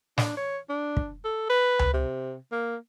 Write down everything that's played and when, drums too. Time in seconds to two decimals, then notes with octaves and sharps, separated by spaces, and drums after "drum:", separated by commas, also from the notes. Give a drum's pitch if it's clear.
0.18 D4, drum: snare
0.37 C#5
0.69 D4
0.97 drum: kick
1.25 A4
1.50 B4
1.79 drum: tom C#2
1.94 C3
2.52 A#3